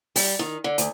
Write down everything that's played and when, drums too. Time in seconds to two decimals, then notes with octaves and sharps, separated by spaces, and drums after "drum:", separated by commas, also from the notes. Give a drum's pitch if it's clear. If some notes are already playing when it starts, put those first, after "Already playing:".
0.16 G3, drum: open hi-hat
0.39 D#3
0.64 D3
0.78 D2, drum: hi-hat